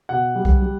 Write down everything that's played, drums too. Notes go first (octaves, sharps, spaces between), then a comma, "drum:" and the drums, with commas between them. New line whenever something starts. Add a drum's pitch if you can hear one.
B2 F#5
G3
drum: kick B1
G3